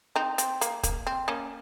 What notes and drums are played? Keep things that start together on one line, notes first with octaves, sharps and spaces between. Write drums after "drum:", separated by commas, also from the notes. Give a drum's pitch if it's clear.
C4 D#4
C4, drum: hi-hat
A#3, drum: hi-hat
A#3, drum: kick, hi-hat
C4
A#3 C#4